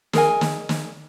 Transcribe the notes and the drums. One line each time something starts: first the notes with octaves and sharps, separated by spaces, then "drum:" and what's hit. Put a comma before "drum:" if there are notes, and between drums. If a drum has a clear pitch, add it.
G#4 A#4 D#5 G#5, drum: snare
drum: snare
drum: snare